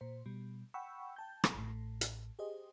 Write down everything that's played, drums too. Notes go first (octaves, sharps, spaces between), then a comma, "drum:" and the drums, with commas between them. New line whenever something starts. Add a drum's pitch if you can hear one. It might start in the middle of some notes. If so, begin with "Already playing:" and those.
A#2 C5
B2 G3
F#5 G5 B5 C#6 E6
G5 A5 G6
drum: rim click
A1 A2
drum: hi-hat
G4 G#4 C5 D#5